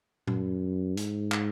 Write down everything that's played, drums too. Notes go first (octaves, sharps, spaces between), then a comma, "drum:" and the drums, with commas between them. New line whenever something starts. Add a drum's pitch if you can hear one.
F#2, drum: tom A#2
G#2, drum: hi-hat
drum: clap